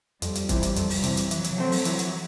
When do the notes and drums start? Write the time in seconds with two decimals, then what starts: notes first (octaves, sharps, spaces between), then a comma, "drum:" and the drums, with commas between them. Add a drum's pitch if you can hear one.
0.22 F2 G3, drum: hi-hat
0.35 drum: hi-hat
0.49 C3 E3, drum: kick, hi-hat
0.63 drum: hi-hat
0.76 F2, drum: hi-hat
0.90 drum: open hi-hat
1.03 C3 E3, drum: hi-hat
1.17 drum: hi-hat
1.31 E3 F#3, drum: hi-hat
1.44 drum: hi-hat
1.58 A3 C4
1.72 drum: open hi-hat
1.85 E3, drum: hi-hat
1.99 drum: hi-hat